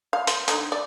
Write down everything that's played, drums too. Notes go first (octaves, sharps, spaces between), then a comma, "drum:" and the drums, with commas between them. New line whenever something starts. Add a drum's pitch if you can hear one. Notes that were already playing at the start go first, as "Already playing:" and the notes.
F5
C5, drum: hi-hat
D3 D#4, drum: hi-hat
D5